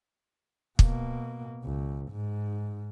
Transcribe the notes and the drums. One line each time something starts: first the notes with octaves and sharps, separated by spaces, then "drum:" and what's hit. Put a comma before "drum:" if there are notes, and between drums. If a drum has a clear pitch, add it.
B2 A#3, drum: kick
C#2
G#2